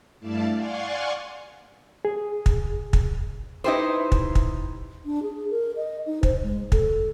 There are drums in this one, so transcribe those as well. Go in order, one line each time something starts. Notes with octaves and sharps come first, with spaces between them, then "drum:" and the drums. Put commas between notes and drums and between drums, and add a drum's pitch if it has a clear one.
G2 A3 E4 D5 F5 A5
D5 F5 F#5 G#5 C6 C#6
G#4
drum: kick
drum: kick
D#4 E4 G4 B4 C5
drum: kick
drum: kick
D4
G#4
A#4
D#5
D#4
C5, drum: kick
G#3
A4, drum: kick